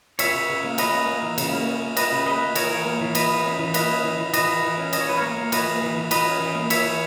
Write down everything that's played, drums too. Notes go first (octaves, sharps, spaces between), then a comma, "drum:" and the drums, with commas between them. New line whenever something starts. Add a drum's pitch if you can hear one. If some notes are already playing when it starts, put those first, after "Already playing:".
C#4 C#5 E5, drum: cymbal
C#3
C#3
A#3
C#4 B4 D#5, drum: cymbal
A#3
A#3
E3
C#3, drum: cymbal
A#3
C#4
A#3
C#4 B4 D#5, drum: cymbal
C#3
A#3 B4 D#5
A#3
E3 A#4 C#5, drum: cymbal
E3
A#3
E3
A#3 B4 D#5, drum: cymbal
E3
C#4
E3
A#3 B4 D#5, drum: cymbal
C#4
E3
E3
E3 B4 D#5, drum: cymbal
E3
E3
C#4
C#4 D#5, drum: cymbal
C#5
E3 B4
A#3 A#4 C#5
A#3
E3 B4 D#5, drum: cymbal
A#3
E3
E3
E3 B4 D#5, drum: cymbal
C#4
E3
A#3
E3 C#5 E5, drum: cymbal
E3